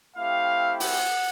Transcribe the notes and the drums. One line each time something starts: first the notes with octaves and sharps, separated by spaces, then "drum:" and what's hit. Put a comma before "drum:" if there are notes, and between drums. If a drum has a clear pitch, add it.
A3 C4 E4 G4 F5
F#5, drum: open hi-hat